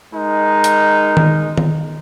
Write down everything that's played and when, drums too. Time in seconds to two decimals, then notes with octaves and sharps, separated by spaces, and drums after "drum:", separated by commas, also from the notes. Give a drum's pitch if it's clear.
0.13 G#3 D#4 A#4
0.64 drum: hi-hat
1.17 drum: tom D#3
1.58 drum: tom D#3